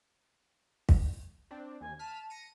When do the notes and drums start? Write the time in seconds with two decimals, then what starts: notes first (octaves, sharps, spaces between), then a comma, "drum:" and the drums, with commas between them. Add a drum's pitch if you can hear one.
0.89 drum: kick
1.51 C4 D4
1.81 D#2 G#5
1.99 A5 F6 B6 D#7
2.30 A#6 C#7 D#7